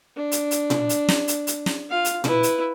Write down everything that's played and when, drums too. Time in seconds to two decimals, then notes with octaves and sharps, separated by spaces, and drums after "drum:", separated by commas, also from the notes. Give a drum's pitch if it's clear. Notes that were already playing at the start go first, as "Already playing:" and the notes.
0.16 D4
0.32 drum: hi-hat
0.51 drum: hi-hat
0.70 drum: tom A#2
0.89 drum: hi-hat
1.09 drum: snare
1.28 drum: hi-hat
1.47 drum: hi-hat
1.66 drum: snare
1.90 F4 F5
2.05 drum: hi-hat
2.24 E4 B4, drum: tom A#2
2.43 drum: hi-hat